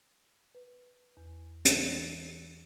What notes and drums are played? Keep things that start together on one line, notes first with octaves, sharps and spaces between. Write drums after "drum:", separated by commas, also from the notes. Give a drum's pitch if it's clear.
B4
E2
E3, drum: hi-hat